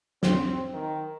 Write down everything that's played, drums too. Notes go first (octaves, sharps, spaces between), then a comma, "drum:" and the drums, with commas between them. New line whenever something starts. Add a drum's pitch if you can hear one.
C4, drum: snare
D#3